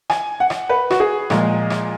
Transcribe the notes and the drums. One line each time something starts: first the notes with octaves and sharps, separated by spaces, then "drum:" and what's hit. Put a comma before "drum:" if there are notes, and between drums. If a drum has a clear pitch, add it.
G#5, drum: rim click
F#5
drum: rim click
B4
F#4, drum: rim click
G#4
A#2 F3 G#3, drum: rim click
drum: rim click